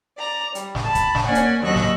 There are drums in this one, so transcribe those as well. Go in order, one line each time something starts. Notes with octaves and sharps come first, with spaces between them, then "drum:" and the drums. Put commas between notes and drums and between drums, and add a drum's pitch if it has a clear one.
D5 A#5
G3, drum: hi-hat
drum: snare
A5 B5
drum: kick, hi-hat
drum: snare
A#3 C#4 D5 F#5 G#5
drum: hi-hat
D#2 F#3 D#5 C#6 E6 F#6
drum: snare